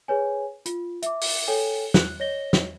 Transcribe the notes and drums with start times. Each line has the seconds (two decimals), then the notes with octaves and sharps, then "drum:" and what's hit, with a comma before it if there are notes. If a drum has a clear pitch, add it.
0.08 G#4 B4 C#5 G#5
0.66 F4, drum: hi-hat
1.02 E5 D6, drum: hi-hat
1.21 drum: open hi-hat
1.47 A4 C#5 G5 G#5
1.94 F#6, drum: snare
2.20 C#5 D#5 A#6 G7
2.53 drum: snare